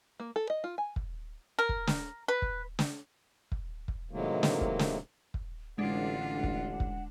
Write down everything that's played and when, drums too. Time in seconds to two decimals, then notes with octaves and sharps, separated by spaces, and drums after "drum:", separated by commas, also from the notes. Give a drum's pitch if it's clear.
0.20 A#3
0.36 A4
0.50 D#5
0.64 F4
0.78 G#5
0.96 drum: kick
1.59 A#4
1.69 drum: kick
1.87 drum: snare
2.28 B4
2.42 drum: kick
2.79 drum: snare
3.52 drum: kick
3.88 drum: kick
4.11 A2 C3 D#3 F#3 G#3 A#3
4.43 drum: snare
4.61 drum: kick
4.79 drum: snare
5.34 drum: kick
5.78 A1 D3 G#3 D4 F4 F#5
6.44 drum: kick
6.80 drum: kick